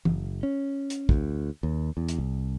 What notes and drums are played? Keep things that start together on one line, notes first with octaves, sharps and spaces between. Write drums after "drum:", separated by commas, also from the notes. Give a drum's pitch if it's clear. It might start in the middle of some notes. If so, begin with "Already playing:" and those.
F#1, drum: tom
C#4
drum: hi-hat
D2, drum: kick A#1
D#2
E2
drum: hi-hat
C2